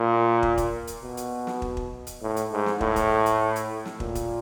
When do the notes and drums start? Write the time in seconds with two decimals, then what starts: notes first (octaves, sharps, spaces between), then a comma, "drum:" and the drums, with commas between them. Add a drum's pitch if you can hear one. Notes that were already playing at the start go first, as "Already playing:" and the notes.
Already playing: A#2
0.43 drum: kick
0.58 drum: kick, hi-hat
0.87 drum: hi-hat
1.03 B2
1.17 drum: hi-hat
1.47 drum: snare
1.62 drum: kick
1.77 drum: kick
2.07 drum: hi-hat
2.22 A2
2.36 drum: hi-hat
2.52 G#2
2.66 drum: snare
2.81 A2, drum: kick
2.96 drum: kick, hi-hat
3.26 drum: hi-hat
3.56 drum: hi-hat
3.85 drum: snare
4.00 A#2, drum: kick
4.15 drum: kick, hi-hat